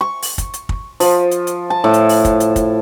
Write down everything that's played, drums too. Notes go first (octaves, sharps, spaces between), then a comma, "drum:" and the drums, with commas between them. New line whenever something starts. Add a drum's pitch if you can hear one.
C#6
drum: open hi-hat
drum: kick, hi-hat
drum: hi-hat
drum: kick
F3, drum: open hi-hat
drum: hi-hat
drum: hi-hat
A5
A2
drum: hi-hat
drum: open hi-hat
drum: kick, hi-hat
drum: hi-hat
drum: kick, hi-hat